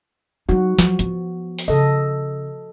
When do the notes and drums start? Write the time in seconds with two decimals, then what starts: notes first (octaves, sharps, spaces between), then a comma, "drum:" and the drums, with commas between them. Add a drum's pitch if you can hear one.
0.49 F#3 D#4 F#4
0.79 F3 F#3, drum: snare
0.99 B3, drum: hi-hat
1.59 drum: open hi-hat
1.68 C#3 A4 D#5